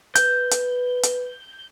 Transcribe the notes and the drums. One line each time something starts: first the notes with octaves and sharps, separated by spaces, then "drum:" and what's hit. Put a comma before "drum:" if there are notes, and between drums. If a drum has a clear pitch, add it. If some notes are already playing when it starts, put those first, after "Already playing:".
B4 G6, drum: hi-hat
drum: hi-hat
drum: hi-hat